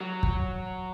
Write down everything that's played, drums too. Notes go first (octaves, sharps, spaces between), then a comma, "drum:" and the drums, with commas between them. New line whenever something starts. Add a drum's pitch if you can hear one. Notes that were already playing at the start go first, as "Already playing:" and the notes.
F#3
drum: kick